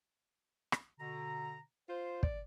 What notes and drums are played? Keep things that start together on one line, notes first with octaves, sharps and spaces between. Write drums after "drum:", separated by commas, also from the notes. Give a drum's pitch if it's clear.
drum: rim click
B2 D3 A#5
F4 C5
D5, drum: kick